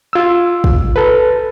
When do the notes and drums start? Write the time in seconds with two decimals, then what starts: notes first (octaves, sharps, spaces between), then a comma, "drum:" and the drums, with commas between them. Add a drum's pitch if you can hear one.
0.13 F4 E6
0.64 drum: kick
0.96 A4 B4